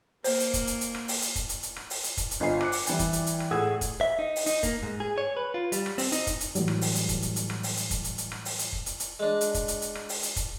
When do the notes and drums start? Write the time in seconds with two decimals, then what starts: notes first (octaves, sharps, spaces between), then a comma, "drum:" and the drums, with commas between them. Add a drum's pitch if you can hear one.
0.24 A#3 C5, drum: open hi-hat
0.40 drum: hi-hat
0.54 drum: kick, hi-hat
0.67 drum: hi-hat
0.81 drum: hi-hat
0.95 drum: rim click
1.08 drum: open hi-hat
1.22 drum: hi-hat
1.35 drum: kick, hi-hat
1.49 drum: hi-hat
1.63 drum: hi-hat
1.76 drum: rim click
1.90 drum: open hi-hat
2.04 drum: hi-hat
2.17 drum: kick, hi-hat
2.31 drum: hi-hat
2.40 G1 F4 C5 D#5 G#5 C7
2.61 D6 F#6 C#7, drum: rim click
2.72 drum: open hi-hat
2.87 E3 G3 D5 G5 G#5, drum: hi-hat
2.99 drum: kick, hi-hat
3.13 drum: hi-hat
3.27 drum: hi-hat
3.40 drum: rim click
3.51 A2 G#4 F#5 D#6 E6 G#6
3.81 drum: kick, hi-hat
4.01 E5
4.19 D#4
4.36 drum: open hi-hat
4.46 D#4, drum: hi-hat
4.63 A#3, drum: kick, hi-hat
4.83 G#2
5.00 G#4
5.18 C#5
5.37 B4
5.54 F4
5.72 G3, drum: hi-hat
5.86 drum: rim click
5.98 C4, drum: open hi-hat
6.12 D#4, drum: hi-hat
6.27 drum: kick, hi-hat
6.40 drum: hi-hat
6.55 A2 E3 F#3 G3, drum: hi-hat
6.68 drum: rim click
6.81 drum: open hi-hat
6.95 drum: hi-hat
7.09 drum: kick, hi-hat
7.22 drum: hi-hat
7.36 drum: hi-hat
7.50 drum: rim click
7.63 drum: open hi-hat
7.77 drum: hi-hat
7.91 drum: kick, hi-hat
8.04 drum: hi-hat
8.18 drum: hi-hat
8.32 drum: rim click
8.45 drum: open hi-hat
8.59 drum: hi-hat
8.72 drum: kick
8.86 drum: hi-hat
9.00 drum: hi-hat
9.20 G#3 D4
9.41 drum: hi-hat
9.54 drum: kick, hi-hat
9.68 drum: hi-hat
9.82 drum: hi-hat
9.95 drum: rim click
10.09 drum: open hi-hat
10.23 drum: hi-hat
10.36 drum: kick, hi-hat